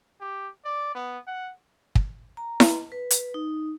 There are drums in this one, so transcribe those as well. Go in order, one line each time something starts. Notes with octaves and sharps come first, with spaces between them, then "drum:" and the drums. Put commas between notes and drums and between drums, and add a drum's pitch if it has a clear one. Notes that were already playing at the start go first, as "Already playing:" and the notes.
G4
D5
B3
F#5
drum: kick
A#5
drum: snare E4
B4
drum: hi-hat
D#4